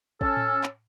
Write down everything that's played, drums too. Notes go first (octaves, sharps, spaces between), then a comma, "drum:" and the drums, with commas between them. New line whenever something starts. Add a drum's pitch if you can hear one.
C#4 A4, drum: kick
drum: tom A2
drum: clap